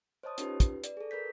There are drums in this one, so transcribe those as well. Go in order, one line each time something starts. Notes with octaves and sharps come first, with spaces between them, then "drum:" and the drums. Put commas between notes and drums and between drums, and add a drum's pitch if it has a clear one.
C5 C#5 D#5 A5 D#6
C#4 D#4 F4 G4 B4, drum: hi-hat
B4, drum: kick, hi-hat
D5, drum: hi-hat
G#4 A4
A#4 B4 G6 B6